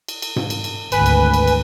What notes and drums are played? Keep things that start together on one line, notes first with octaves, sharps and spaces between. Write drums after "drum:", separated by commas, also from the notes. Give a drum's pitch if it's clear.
drum: cymbal
drum: cymbal
drum: tom G#2
drum: cymbal
drum: cymbal
G#1 D2 B4 G#5, drum: cymbal
drum: cymbal
drum: cymbal
drum: cymbal